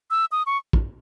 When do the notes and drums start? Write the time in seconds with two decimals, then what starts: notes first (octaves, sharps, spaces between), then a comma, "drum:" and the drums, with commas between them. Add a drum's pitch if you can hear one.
0.11 E6
0.32 D#6
0.46 C#6
0.73 drum: kick